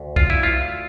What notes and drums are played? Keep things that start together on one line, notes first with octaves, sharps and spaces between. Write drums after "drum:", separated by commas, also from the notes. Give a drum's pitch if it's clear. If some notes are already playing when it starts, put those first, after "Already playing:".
Already playing: D2
F4, drum: kick
E4
F4